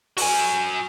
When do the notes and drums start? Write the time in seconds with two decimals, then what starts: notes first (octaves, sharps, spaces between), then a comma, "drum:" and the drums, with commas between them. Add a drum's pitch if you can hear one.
0.17 F#4 G#5, drum: open hi-hat